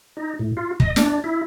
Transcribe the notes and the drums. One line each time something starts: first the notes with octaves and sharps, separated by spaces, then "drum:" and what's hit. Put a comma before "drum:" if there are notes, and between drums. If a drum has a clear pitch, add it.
D#4
A2
F4
D#5, drum: kick
D4, drum: snare
E4